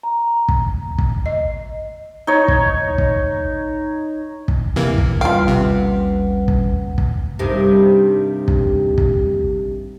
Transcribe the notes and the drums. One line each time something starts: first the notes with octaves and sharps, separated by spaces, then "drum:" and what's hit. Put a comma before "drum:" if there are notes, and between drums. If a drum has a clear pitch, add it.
A#5
drum: kick
drum: kick
D#5
D#4 C#5
drum: kick
drum: kick
drum: kick
G1 C3 E3 A#3
drum: kick
G3 C#4 F4 B4 F5 G5
A1 D#2 C3 F#5
drum: kick
drum: kick
G2 C3 D#3
drum: kick
drum: kick